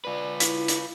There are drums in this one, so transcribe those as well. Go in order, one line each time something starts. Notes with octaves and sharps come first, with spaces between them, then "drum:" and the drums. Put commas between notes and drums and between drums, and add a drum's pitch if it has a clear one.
F4 B4 D5
E4, drum: hi-hat
drum: hi-hat